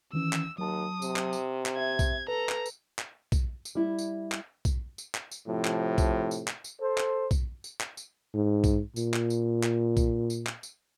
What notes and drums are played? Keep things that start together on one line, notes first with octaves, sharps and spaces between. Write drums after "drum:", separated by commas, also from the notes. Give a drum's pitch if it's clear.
D#3 E3 C#4 E6
drum: clap
D#2 F#3 A5 D#6
C3, drum: tambourine
drum: clap
drum: tambourine
drum: clap
E5 G#6
drum: kick, tambourine
A4 B4 A#5
drum: clap
drum: tambourine
drum: clap
drum: kick, tambourine
drum: tambourine
G3 E4
drum: tambourine
drum: clap
drum: kick, tambourine
drum: tambourine
drum: clap
drum: tambourine
A2 C3 F3
drum: clap
drum: kick, tambourine
drum: tambourine
drum: clap
drum: tambourine
A4 C5
drum: clap
drum: kick, tambourine
drum: tambourine
drum: clap
drum: tambourine
G#2
drum: kick, tambourine
A#2, drum: tambourine
drum: clap
drum: tambourine
drum: clap
drum: kick, tambourine
drum: tambourine
drum: clap
drum: tambourine